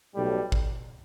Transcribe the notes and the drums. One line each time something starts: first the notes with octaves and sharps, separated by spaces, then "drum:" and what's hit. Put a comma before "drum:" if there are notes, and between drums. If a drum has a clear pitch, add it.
B1 A2 G3
drum: kick